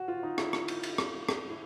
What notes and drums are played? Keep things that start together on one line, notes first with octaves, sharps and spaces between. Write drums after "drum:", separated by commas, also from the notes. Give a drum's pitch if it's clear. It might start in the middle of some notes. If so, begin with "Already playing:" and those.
Already playing: F#4
F4
D#4
E4, drum: rim click
drum: rim click
drum: cymbal
drum: cymbal
drum: rim click
drum: rim click
E4